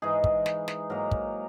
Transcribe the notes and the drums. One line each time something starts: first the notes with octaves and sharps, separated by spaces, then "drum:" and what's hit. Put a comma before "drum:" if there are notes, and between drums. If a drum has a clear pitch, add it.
G#2 E3 G#3 D#4 G#4
drum: kick
drum: snare
drum: snare
G#2 F#3 A#3 A#4
drum: kick